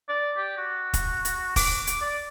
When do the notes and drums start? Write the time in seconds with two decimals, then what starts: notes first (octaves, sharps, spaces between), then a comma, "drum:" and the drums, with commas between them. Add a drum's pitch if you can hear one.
0.08 D5
0.37 G4
0.57 F#4
0.94 drum: kick, hi-hat
1.25 drum: hi-hat
1.56 D6, drum: kick, open hi-hat
1.87 drum: hi-hat
2.01 D5